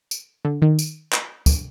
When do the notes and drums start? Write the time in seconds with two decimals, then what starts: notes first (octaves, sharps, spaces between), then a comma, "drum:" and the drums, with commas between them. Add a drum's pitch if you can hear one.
0.11 drum: tambourine
0.45 D3
0.62 D#3
0.79 drum: tambourine
1.12 drum: clap
1.46 drum: kick, tambourine